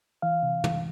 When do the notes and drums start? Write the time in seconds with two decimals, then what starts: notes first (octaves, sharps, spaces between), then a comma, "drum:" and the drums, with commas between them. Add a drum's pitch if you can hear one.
0.22 E3 F5
0.43 C3
0.64 E3, drum: tom